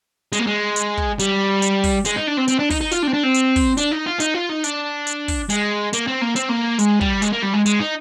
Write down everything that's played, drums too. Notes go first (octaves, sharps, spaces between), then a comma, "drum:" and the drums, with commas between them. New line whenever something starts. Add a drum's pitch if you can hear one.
G#3, drum: hi-hat
A#3
G#3
drum: hi-hat
drum: kick
G3, drum: hi-hat
drum: hi-hat
drum: kick, open hi-hat
G#3, drum: hi-hat
D#4
D4
C4
C4, drum: hi-hat
D4
D#4, drum: kick, open hi-hat
D#4
F4, drum: hi-hat
D4
C4
D4
C4
drum: hi-hat
drum: kick, open hi-hat
D4, drum: hi-hat
D#4
F4
D#4, drum: hi-hat
F4
D#4
D4, drum: hi-hat
drum: hi-hat
drum: kick, open hi-hat
G#3, drum: hi-hat
A#3, drum: hi-hat
C4
A#3
C4, drum: hi-hat
A#3
G#3, drum: hi-hat
G3, drum: kick
G#3, drum: hi-hat
A#3
G3
G#3
G#3, drum: hi-hat
D#4